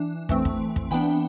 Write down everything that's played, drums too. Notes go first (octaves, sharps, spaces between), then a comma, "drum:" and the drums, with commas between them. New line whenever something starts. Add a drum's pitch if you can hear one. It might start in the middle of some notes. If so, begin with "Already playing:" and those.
Already playing: E3 D4
E3 A3 C4, drum: kick
drum: kick
drum: kick
E3 B3 D4 G5 B5